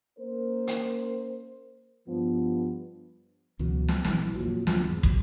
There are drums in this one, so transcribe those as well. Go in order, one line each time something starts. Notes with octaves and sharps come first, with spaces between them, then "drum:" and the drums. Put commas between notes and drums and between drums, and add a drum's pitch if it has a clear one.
A#3 C#4 A#4 C5
drum: hi-hat
G2 F3 B3
C#2 B2 E3 F#3
drum: snare
A#1 E3, drum: snare
F2 A#2 F#3
D2 F3, drum: snare
E2 G#2
F#2, drum: kick